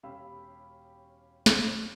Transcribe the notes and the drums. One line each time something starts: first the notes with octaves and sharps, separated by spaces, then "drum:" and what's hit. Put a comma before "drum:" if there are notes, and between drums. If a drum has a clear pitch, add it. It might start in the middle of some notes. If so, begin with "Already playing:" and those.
E1 C#4 G4 F5 B5 E6
drum: snare